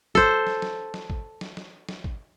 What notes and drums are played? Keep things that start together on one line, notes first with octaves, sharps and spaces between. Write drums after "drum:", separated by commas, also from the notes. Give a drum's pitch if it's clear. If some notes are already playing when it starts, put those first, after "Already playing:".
A4 C5, drum: kick G#1
drum: snare
drum: snare
drum: snare
drum: kick G#1
drum: snare
drum: snare
drum: snare
drum: kick G#1